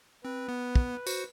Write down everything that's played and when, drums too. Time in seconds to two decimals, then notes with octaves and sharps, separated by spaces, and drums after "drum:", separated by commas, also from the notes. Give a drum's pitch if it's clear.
0.25 C4 B4
0.48 B3
0.76 drum: kick
1.06 F#4 C5 C#7, drum: tambourine